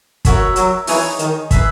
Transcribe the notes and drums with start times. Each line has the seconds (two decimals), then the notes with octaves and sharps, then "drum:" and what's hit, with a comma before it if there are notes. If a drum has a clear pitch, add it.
0.25 F#4 A#4 C#5 E5, drum: kick, hi-hat
0.56 F#3, drum: hi-hat
0.87 E3 D#4 G#4 C#5 G#5, drum: open hi-hat
1.19 D#3, drum: hi-hat
1.51 G#4 B4 E5, drum: kick, hi-hat